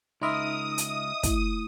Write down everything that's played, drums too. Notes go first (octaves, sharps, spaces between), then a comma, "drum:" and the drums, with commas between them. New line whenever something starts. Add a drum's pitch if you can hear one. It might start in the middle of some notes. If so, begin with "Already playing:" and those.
C#2 D#4 A#4 D#5 E5 B5 C6 D#6
drum: hi-hat
A3 E4, drum: kick, hi-hat